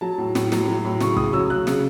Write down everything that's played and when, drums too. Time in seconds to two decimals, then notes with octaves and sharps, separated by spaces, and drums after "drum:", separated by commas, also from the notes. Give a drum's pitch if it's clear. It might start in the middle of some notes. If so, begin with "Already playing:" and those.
0.01 F#3 A5
0.18 A2
0.35 A2, drum: snare
0.52 F#3, drum: snare
0.68 F#3
0.84 A2
1.00 C#3 C#6, drum: snare
1.17 C#3 D#6, drum: kick
1.33 F#3 E6
1.50 C#3 F#6
1.67 C#3, drum: snare